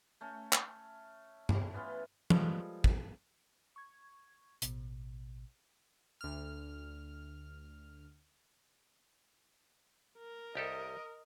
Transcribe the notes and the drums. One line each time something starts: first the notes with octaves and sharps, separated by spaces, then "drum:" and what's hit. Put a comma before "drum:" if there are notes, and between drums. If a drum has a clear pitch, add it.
A3 C#4
drum: clap
G3, drum: tom G2
E3 B3 C#4 F4
F3 G3 G#3 A4 B4, drum: tom
drum: kick
C#6 G#6
A1 B2, drum: hi-hat
D2 F6
A#4
C2 G4 A4 D#5